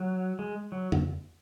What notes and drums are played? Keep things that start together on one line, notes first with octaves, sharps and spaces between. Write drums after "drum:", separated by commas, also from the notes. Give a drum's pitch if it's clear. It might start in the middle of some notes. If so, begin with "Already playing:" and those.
Already playing: F#3
G#3
F#3
drum: tom